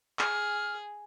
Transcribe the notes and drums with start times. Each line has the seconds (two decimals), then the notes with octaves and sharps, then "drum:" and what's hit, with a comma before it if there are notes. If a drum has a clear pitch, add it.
0.19 G#4 F6, drum: clap